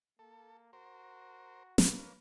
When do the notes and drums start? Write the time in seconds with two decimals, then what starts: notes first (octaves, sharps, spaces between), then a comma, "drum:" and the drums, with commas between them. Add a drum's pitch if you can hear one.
0.19 A#3 A4
0.73 F#4 A#4 C5
1.78 A#3 C#4 B4 F5, drum: snare